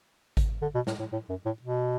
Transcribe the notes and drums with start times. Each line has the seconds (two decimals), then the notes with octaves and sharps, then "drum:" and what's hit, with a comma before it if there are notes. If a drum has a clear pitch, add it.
0.37 drum: kick G#1, hi-hat
0.62 D3
0.75 B2
0.87 A2, drum: snare
0.99 A2
1.12 A2
1.29 F#2
1.45 A2
1.62 B2